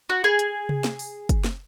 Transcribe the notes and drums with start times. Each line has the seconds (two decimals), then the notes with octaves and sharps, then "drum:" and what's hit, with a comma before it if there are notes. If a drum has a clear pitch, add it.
0.09 F#4
0.24 G#4
0.39 drum: hi-hat
0.69 drum: tom C3
0.84 drum: snare
0.99 drum: open hi-hat
1.29 drum: kick, hi-hat
1.44 drum: snare